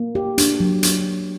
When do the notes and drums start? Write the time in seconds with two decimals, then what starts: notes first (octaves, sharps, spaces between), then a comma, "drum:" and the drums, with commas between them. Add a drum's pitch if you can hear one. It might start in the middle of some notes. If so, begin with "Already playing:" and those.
Already playing: A#3
0.15 G4
0.38 D4, drum: hi-hat
0.60 F#3
0.83 drum: hi-hat